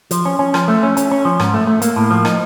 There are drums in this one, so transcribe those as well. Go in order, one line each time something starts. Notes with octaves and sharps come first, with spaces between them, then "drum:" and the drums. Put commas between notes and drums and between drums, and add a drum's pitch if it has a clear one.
F3, drum: hi-hat
C#4
C#4
F3, drum: rim click
A3
C#4
C#4, drum: hi-hat
C#4
F3
G#2, drum: rim click
A3
A3
A#3, drum: hi-hat
A2
F3
D#4, drum: rim click